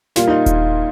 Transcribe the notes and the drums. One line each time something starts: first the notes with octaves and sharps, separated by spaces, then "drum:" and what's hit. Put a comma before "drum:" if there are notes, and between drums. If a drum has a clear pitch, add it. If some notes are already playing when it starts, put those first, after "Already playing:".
A#2 G3 A#3 F4, drum: snare
D#4
drum: kick D#1, hi-hat